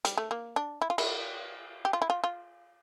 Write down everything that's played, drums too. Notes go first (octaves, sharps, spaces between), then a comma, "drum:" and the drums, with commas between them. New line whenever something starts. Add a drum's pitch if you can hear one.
G3, drum: hi-hat
A3
A#3
D4
E4
F4
E4, drum: cymbal
G4
F4
E4
F4
F4